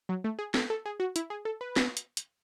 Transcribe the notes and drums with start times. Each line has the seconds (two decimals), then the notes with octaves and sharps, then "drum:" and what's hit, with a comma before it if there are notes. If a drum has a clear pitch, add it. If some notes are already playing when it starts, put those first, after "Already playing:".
0.09 F#3
0.24 A3
0.39 G#4
0.54 A4, drum: snare
0.70 A4
0.86 G#4
1.00 F#4
1.16 E4, drum: hi-hat
1.30 G#4
1.45 A4
1.61 B4
1.76 drum: snare
1.97 drum: hi-hat
2.17 drum: hi-hat